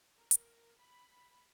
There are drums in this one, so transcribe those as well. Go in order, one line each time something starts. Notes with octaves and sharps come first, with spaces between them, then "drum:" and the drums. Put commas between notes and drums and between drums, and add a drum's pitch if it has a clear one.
A#4
drum: hi-hat
B5